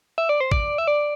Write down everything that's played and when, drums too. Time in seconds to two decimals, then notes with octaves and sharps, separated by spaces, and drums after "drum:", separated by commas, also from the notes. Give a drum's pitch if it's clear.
0.18 E5
0.29 D5
0.40 C5
0.51 D5, drum: kick A1
0.78 E5
0.87 D5